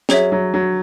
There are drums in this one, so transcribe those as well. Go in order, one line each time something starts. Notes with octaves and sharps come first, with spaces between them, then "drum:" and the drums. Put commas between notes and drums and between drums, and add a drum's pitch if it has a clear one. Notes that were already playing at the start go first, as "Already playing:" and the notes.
F#3 G#4 C#5 E5, drum: snare
F#3
F#3